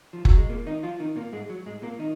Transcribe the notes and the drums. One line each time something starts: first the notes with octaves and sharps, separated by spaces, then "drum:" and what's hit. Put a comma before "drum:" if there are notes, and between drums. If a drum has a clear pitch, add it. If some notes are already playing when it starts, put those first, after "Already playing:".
F3
F#3, drum: kick
G#3
A#2 A#3
D#3 D#4
F3 F4
D#3 D#4
A#2 A#3
G#2 G#3
F#3
G#2 G#3
A#2 A#3
D#3 D#4